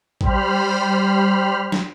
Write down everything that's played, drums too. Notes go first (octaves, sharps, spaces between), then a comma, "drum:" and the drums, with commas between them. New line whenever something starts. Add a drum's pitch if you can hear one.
G3 C5 B5 F6, drum: kick A1
drum: snare